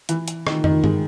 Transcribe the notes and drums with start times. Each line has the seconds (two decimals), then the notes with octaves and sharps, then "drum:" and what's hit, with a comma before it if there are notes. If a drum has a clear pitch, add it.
0.09 E3, drum: hi-hat
0.28 drum: hi-hat
0.47 D#3, drum: rim click
0.64 D#3, drum: tom
0.84 G#3, drum: tom G2